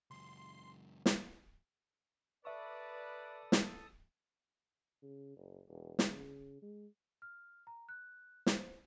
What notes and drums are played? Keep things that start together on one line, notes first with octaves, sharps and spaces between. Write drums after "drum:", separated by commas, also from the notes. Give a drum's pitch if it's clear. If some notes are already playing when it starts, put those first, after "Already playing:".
C#2 F#2 C6
drum: snare
A4 B4 D5 E5 A5 C#6 D#6
drum: snare
C#3
F#1
E1
drum: snare
C#3
G#3
F6
A#5
F#6
C5, drum: snare